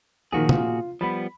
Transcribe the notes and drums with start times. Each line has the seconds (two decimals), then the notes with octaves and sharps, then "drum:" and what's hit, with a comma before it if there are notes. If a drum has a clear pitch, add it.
0.32 A#2 D#3 F3 F#4 G#4
0.49 F4, drum: tom
1.01 F3 G3 B3 B5